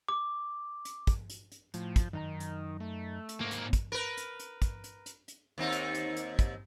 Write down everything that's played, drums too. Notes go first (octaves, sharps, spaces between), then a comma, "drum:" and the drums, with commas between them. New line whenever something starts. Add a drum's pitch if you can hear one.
D6
drum: hi-hat
drum: kick, hi-hat
drum: hi-hat
drum: hi-hat
A2 F3, drum: hi-hat
drum: kick, hi-hat
F#2 D#3 D#4 A#5
drum: hi-hat
A3
drum: hi-hat
G#2 A#3
drum: hi-hat
drum: kick, hi-hat
A#4 B4
drum: hi-hat
drum: hi-hat
drum: kick, hi-hat
drum: hi-hat
drum: hi-hat
drum: hi-hat
D#2 C4 D#4
drum: hi-hat
drum: hi-hat
drum: hi-hat
drum: kick, hi-hat